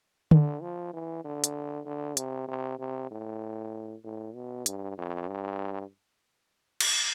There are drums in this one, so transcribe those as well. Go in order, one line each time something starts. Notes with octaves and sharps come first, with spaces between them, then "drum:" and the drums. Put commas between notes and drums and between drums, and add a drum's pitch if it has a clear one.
D3, drum: tom D3
F3
E3
D3
drum: hi-hat
D3
C3, drum: hi-hat
C3
C3
A2
A2
B2
G2, drum: hi-hat
F2
G2
drum: cymbal